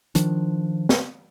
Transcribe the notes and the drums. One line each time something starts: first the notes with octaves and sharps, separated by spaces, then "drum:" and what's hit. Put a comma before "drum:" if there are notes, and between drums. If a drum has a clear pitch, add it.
D#3 F3 D4, drum: hi-hat
drum: snare